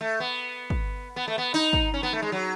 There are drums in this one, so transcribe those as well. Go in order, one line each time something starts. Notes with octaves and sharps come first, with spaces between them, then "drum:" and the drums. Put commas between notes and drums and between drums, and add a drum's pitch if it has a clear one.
A3
B3
drum: kick
B3
A3
B3
D#4, drum: open hi-hat
drum: kick
C#4
B3
A3
G#3
F#3